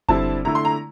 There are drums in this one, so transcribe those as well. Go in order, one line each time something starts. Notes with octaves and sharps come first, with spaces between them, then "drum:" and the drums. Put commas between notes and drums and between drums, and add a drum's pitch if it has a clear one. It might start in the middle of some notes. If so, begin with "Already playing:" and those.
D3 G3 C4 E4 A5, drum: kick F#1
D3 A3 E4 A#5
C6
A#5